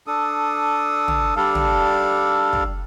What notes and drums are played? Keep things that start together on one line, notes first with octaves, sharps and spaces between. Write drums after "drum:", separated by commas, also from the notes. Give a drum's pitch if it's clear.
D4 A4 D#6
drum: tom
G3 D4 A4 F5
drum: tom
drum: kick